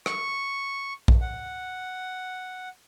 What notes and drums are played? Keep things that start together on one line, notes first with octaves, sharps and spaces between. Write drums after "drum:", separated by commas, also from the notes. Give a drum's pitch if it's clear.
C#6, drum: rim click
drum: kick A#1
F#5